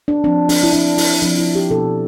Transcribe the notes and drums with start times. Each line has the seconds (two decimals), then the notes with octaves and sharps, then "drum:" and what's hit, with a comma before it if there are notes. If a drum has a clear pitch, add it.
0.08 D4
0.24 F3 C4 D4
0.49 D4, drum: open hi-hat
0.63 E4
0.73 F3 C4 D4
0.98 E4, drum: open hi-hat
1.22 F3 C4 D4
1.39 E4
1.55 G4
1.70 B2 B3 D4 A4